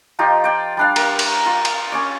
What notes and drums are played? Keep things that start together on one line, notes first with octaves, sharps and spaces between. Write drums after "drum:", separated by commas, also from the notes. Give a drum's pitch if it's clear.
F3 D#4 F4 G4
D5 G5
G3 D4 F5
A#4, drum: cymbal
drum: cymbal
F4
drum: cymbal
C#4 C#5 D5